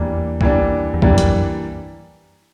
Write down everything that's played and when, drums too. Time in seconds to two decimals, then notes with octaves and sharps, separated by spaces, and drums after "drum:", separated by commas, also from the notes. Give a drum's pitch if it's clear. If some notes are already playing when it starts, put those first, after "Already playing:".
Already playing: E2 E3 G3 A#3 D4
0.41 E3 G3 A#3 D4, drum: kick C2
0.94 E2
1.02 F2 E3 G3 A#3 D4, drum: kick C2
1.18 F#2, drum: hi-hat